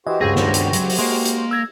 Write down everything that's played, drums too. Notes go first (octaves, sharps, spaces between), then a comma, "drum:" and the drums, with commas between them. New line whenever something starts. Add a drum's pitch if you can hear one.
E3 F#4 G4 C5 D#5
C#2 G2 C4 G#4 A#6
D#3 D4, drum: snare
drum: hi-hat
F#3, drum: hi-hat
drum: open hi-hat
G#3 A#3 C6
drum: hi-hat
E6 G#6 A#6